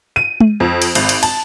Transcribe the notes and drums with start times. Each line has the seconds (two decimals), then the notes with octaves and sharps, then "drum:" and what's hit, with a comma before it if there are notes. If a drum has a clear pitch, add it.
0.16 D#7
0.41 drum: tom G#3
0.60 F2
0.82 drum: cymbal
0.95 G#1, drum: cymbal
1.09 drum: cymbal
1.23 A5, drum: cymbal